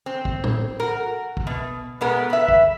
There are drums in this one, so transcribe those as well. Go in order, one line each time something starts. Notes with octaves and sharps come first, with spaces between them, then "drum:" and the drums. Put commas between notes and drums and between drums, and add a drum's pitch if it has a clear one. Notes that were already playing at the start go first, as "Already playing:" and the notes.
C4
drum: kick
drum: tom A2
F#4 A#4
drum: kick
B2
B2 G#3 B3 A#4
B4 E5
drum: kick